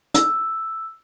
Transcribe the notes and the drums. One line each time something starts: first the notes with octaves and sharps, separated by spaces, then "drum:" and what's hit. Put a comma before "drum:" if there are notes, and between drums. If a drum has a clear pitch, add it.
E6, drum: hi-hat